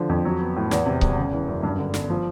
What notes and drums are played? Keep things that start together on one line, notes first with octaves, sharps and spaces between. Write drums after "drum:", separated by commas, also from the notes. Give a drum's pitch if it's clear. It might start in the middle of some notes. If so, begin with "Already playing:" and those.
Already playing: D3 F3
F2
F#3
B3
A2
E2, drum: snare
C3
E1, drum: kick C#1
C#3
E3
F#2
G2
D3
G1, drum: snare
F3